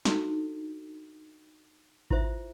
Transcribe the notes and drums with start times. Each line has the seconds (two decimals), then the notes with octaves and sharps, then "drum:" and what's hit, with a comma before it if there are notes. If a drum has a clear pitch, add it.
0.05 D4 D#4 F#4 A4, drum: snare
2.10 E4 F4 C5 E5, drum: kick G#1